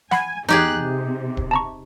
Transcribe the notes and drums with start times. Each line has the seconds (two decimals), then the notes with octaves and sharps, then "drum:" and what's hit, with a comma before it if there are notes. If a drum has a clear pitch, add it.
0.11 F#5 G#5 B5 C7, drum: snare
0.49 E2 D#4 G4 G#4 F#6, drum: snare
0.78 C3
1.37 drum: kick D1
1.51 A5 A#5 C#6